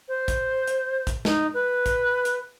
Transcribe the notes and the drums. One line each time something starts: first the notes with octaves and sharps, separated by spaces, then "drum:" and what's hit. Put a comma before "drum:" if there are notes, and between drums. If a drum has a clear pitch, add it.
C5
drum: kick A#1, hi-hat
drum: hi-hat
drum: kick A#1, hi-hat
D#4, drum: snare
B4
drum: kick A#1, hi-hat
drum: hi-hat